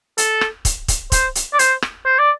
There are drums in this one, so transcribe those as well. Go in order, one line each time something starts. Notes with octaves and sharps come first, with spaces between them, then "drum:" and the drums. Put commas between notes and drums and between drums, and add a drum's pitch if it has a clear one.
A4, drum: hi-hat
drum: rim click
drum: kick, hi-hat
drum: kick, hi-hat
C5, drum: kick, hi-hat
drum: hi-hat
D5
C5, drum: hi-hat
drum: rim click
C5
D5